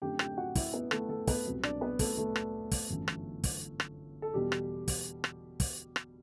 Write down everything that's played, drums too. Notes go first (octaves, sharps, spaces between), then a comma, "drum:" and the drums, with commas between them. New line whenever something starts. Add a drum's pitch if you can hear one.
F#2 D3 A3 C4 G4 G5
G4 G5, drum: rim click
F#4 F#5
E4 E5, drum: kick, open hi-hat
B3 B4
A3 A4, drum: rim click
A3 A4
B3 B4, drum: kick, open hi-hat
C2 B2 F#3 C4
D4 D5, drum: rim click
B3 B4
A3 A4, drum: kick, open hi-hat
A3 A4
drum: rim click
drum: kick, open hi-hat
G1 F#2 E3
drum: rim click
drum: kick, open hi-hat
drum: rim click
A4
E2 B2 G3 B3 G4
drum: rim click
drum: kick, open hi-hat
drum: rim click
drum: kick, open hi-hat
drum: rim click